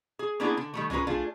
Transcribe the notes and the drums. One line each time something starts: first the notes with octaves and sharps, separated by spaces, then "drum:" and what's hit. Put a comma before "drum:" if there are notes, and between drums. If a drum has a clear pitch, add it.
G#4
A#3 B3 C#4 D4 E4 G#4
D3
D#3 G3 A3
G#3 C#4 F4 A#4 B4, drum: tom
A3 D4 F4 G#4